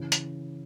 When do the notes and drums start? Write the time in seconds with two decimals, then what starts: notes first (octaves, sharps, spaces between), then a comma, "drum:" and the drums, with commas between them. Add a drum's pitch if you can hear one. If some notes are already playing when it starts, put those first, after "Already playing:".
Already playing: C#3 E3
0.12 drum: hi-hat